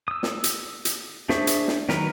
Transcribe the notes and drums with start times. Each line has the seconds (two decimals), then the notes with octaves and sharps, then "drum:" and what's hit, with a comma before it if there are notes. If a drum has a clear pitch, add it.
0.08 D#6 E6
0.23 drum: snare
0.44 drum: hi-hat
0.85 drum: hi-hat
1.29 D4 G#4 C5 E5 C#6, drum: snare
1.47 drum: hi-hat
1.68 drum: snare
1.89 D#3 F#3 A#4 B4, drum: snare